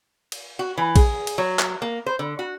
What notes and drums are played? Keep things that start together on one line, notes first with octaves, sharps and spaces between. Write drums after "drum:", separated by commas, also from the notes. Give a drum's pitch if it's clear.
drum: cymbal
F#4
E3
G#4, drum: kick, cymbal
drum: cymbal
F#3
drum: clap
A#3
C5
D3
F#4